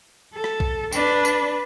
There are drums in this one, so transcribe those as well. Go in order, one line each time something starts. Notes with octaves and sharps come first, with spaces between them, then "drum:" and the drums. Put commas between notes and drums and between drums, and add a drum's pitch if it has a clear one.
A4
drum: rim click
drum: kick B1
D4 B4, drum: tambourine
drum: tambourine